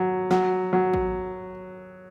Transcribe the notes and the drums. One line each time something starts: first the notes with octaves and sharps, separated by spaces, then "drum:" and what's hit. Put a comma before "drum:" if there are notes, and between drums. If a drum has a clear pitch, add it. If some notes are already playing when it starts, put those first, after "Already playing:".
Already playing: F#3
F#3, drum: snare
F#3
drum: kick A1